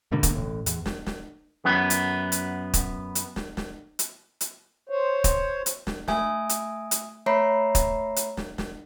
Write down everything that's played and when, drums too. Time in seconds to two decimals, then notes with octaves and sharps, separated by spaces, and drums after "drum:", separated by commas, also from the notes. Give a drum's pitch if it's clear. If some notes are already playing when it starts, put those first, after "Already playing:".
0.12 G#2 B2 D3 A#3
0.23 drum: kick, hi-hat
0.35 A1 A2
0.66 E2, drum: hi-hat
0.86 drum: snare
1.06 drum: snare
1.65 F#2 B3
1.90 drum: hi-hat
2.32 drum: hi-hat
2.74 drum: kick, hi-hat
3.15 drum: hi-hat
3.36 drum: snare
3.57 drum: snare
3.99 drum: hi-hat
4.41 drum: hi-hat
4.89 C5 C#5
5.24 drum: kick, hi-hat
5.66 drum: hi-hat
5.87 drum: snare
6.08 A3 E5 G#5 D#6, drum: snare
6.49 drum: hi-hat
6.91 drum: hi-hat
7.26 A3 C#5 E5 A#5 B5 C7
7.75 drum: kick, hi-hat
8.16 drum: hi-hat
8.37 drum: snare
8.58 drum: snare